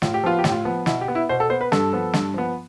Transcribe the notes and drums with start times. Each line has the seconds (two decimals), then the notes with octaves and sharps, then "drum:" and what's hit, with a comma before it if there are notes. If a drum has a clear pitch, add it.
0.02 A2 F4, drum: snare
0.14 G4
0.24 F3 B3 F4
0.39 G4
0.44 A2, drum: snare
0.52 F4
0.65 F3 B3
0.86 B2 E4, drum: snare
1.01 G4
1.08 B3
1.15 E4
1.29 B2 C5
1.40 A4
1.50 B3 C5
1.61 B4
1.72 G2 A4, drum: snare
1.93 F3 B3
2.13 G2, drum: snare
2.34 F3 B3